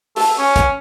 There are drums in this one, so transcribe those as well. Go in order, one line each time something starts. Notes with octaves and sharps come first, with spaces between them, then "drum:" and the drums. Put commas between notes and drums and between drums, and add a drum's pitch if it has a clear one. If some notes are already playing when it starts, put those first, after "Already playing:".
A4, drum: open hi-hat
C#4
drum: kick, hi-hat